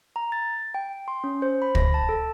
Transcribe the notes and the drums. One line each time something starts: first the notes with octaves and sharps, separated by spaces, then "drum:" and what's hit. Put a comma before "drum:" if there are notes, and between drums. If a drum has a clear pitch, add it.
A#5
A6
G5
C6
C#4
C5
B5
A#6, drum: kick
A5
A4